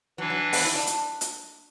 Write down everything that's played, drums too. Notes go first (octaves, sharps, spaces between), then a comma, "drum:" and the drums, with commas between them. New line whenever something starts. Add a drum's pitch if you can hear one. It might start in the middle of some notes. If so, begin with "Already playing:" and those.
E3 F#3 D4 B4
F#3
B3, drum: open hi-hat
E4
D4
drum: hi-hat
drum: hi-hat